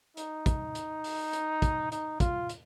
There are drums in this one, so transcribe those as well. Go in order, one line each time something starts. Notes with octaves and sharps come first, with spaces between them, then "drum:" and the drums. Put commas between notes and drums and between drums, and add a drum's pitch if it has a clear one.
D#4, drum: hi-hat
drum: kick, hi-hat
drum: hi-hat
drum: open hi-hat
drum: hi-hat
drum: kick, hi-hat
D#4, drum: hi-hat
F4, drum: kick, hi-hat
drum: hi-hat